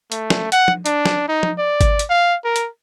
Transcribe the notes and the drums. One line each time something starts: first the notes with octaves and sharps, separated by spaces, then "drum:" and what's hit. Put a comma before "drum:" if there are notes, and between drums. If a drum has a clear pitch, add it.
A3, drum: hi-hat
drum: snare
F#5, drum: hi-hat
drum: tom F3
D4, drum: hi-hat
drum: snare
D#4
drum: tom F3
D5
drum: kick G#1, hi-hat
drum: hi-hat
F5
A#4
drum: hi-hat